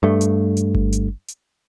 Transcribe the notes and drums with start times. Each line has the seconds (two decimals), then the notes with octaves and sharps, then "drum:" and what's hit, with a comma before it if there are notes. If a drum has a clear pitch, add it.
0.03 G2 A3
0.21 drum: hi-hat
0.57 drum: hi-hat
0.75 drum: kick G1
0.92 drum: hi-hat
1.28 drum: hi-hat